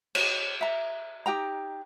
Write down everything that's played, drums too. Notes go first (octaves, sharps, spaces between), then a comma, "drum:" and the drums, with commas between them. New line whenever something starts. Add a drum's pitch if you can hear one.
C#5, drum: cymbal
E5 A#5
D#4 G4 G5 A#5